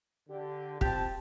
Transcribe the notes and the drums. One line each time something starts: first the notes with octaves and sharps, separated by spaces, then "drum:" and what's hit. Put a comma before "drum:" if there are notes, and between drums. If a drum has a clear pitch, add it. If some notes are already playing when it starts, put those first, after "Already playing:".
D3 G4
C4 F4 G4 A5, drum: kick